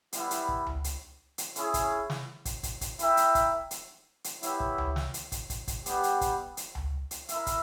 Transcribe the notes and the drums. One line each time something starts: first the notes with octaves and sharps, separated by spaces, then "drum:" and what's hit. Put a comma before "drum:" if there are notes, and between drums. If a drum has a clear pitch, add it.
G3 B3 E4, drum: hi-hat
drum: hi-hat
drum: kick
drum: tom C#2
drum: hi-hat
drum: hi-hat
C#4 E4 G#4, drum: hi-hat
drum: kick, hi-hat
drum: snare
drum: kick, hi-hat
drum: kick, hi-hat
drum: kick, hi-hat
E4 A#4 E5 G5, drum: hi-hat
drum: hi-hat
drum: kick, hi-hat
drum: hi-hat
drum: hi-hat
B3 E4 G4 C#5 E5, drum: hi-hat
drum: kick
drum: tom C#2
drum: snare
drum: hi-hat
drum: kick, hi-hat
drum: kick, hi-hat
drum: kick, hi-hat
G3 B3 G4, drum: hi-hat
drum: hi-hat
drum: kick, hi-hat
drum: hi-hat
drum: tom C#2
drum: hi-hat
E4 A#4 E5, drum: hi-hat
drum: kick, hi-hat